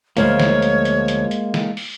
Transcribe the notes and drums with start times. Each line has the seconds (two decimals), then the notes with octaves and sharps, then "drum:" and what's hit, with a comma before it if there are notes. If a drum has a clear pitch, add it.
0.17 D2 F3 G#3 A#3 C#5, drum: hi-hat
0.40 drum: snare
0.62 drum: hi-hat
0.85 drum: hi-hat
1.08 drum: hi-hat
1.31 drum: hi-hat
1.54 drum: snare
1.77 drum: open hi-hat